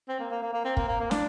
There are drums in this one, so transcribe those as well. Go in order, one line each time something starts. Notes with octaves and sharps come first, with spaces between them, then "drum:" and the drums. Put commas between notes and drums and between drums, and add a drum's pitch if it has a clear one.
C4
A#3
A#3
A#3
A#3
C4
A#3, drum: kick
A#3
A#3
D4, drum: snare